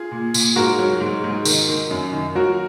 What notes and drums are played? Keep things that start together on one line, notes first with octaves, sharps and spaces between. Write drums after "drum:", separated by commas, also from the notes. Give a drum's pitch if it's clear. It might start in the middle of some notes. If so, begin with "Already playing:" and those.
Already playing: F4 G#4
A#2
A#2, drum: tambourine
G#2 F#4 A#4
F#3
G#2
G#2
D#3, drum: tambourine
D#3
F#2
D#3
F#3 F#4 A#4